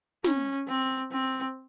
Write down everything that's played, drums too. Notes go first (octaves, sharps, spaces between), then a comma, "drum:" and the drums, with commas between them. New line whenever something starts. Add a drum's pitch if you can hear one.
C#4, drum: snare
C4
C4